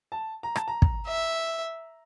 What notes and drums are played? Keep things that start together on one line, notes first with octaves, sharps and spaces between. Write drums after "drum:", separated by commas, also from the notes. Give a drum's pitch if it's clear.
A5
A#5
A5, drum: rim click
A#5
drum: kick
E5